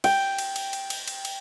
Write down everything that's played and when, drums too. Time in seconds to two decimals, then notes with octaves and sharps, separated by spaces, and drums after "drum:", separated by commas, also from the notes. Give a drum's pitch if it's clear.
0.04 G5, drum: cymbal
0.38 drum: cymbal
0.56 drum: cymbal
0.73 drum: cymbal
0.90 drum: cymbal
1.08 drum: cymbal
1.25 drum: cymbal